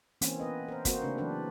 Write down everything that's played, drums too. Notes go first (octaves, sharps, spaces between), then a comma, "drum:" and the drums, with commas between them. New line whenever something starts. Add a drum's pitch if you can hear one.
E3 A#3 C4 C#4, drum: hi-hat
B3 B4 D#5
A#4 C5
A#3 C4 F#4 C5, drum: kick, hi-hat
C#3 A3 C4 D4 B4
E3 F#3 D4 B4